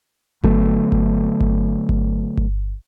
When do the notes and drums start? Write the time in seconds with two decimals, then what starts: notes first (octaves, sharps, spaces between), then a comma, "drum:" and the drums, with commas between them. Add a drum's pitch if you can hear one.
0.44 D3 F#3 A3 B3, drum: kick G1
0.92 drum: kick G1
1.41 drum: kick G1
1.89 drum: kick G1
2.37 drum: kick G1